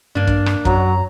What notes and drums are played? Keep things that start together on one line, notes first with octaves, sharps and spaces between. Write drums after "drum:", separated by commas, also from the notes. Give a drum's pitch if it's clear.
G2 A#3 D4
drum: kick
drum: rim click
F#2 F#3 A#5, drum: kick